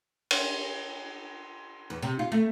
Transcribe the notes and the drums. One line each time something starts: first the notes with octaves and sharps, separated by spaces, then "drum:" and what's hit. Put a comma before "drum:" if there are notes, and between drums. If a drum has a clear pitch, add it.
drum: cymbal
E2
C3
F4
A3